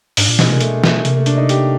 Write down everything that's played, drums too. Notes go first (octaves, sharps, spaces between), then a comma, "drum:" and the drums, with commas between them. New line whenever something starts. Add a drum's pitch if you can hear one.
G#2 D4, drum: open hi-hat
A#2
B2 G#3, drum: snare
C3 A#3
B2 A3, drum: hi-hat
A3, drum: snare
C3 A#3, drum: hi-hat
A3
D4, drum: hi-hat
D#4
G4, drum: hi-hat